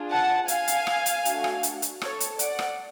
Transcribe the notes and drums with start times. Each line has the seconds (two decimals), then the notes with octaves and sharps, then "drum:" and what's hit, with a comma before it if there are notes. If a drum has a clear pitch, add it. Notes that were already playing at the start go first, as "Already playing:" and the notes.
Already playing: D4 F4 G#4
0.10 F#5 A5
0.48 F5 G#5, drum: hi-hat
0.68 drum: hi-hat
0.87 drum: rim click
1.06 drum: hi-hat
1.25 A3 D4 F#4 A4, drum: hi-hat
1.44 drum: rim click
1.63 drum: hi-hat
1.82 drum: hi-hat
2.01 A4 C#5, drum: rim click
2.20 drum: hi-hat
2.39 D5 F#5, drum: hi-hat
2.59 drum: rim click